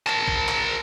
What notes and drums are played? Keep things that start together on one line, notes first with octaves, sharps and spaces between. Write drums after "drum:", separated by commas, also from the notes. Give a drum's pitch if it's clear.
A#4 A5, drum: clap
drum: kick
drum: clap